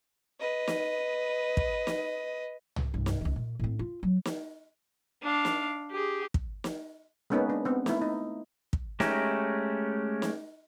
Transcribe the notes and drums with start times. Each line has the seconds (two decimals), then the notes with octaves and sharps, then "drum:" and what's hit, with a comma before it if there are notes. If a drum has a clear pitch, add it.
0.40 B4 D#5
0.68 drum: snare
1.57 drum: kick
1.87 drum: snare
2.76 drum: tom C2
2.94 C2 G2
3.06 drum: snare
3.21 C#2 D#3
3.36 A#2
3.60 A2 C4
3.79 F4
4.03 F#3
4.25 drum: snare
5.23 D4 F5
5.45 drum: snare
5.91 G4 G#4
6.34 drum: kick
6.64 drum: snare
7.30 G#3 A#3 B3 C#4 D#4 B4
7.50 D4
7.65 B3 C4
7.86 A3 E4, drum: snare
8.01 D#4
8.73 drum: kick
9.00 G#3 A3 C#4 G4 A#4, drum: snare
10.22 drum: snare